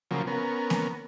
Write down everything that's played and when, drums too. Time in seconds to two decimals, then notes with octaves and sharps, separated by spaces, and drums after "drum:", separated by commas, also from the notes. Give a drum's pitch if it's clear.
0.11 C#3 F3 F#3 A#3
0.27 B3 C#4 A#4
0.70 drum: snare A#3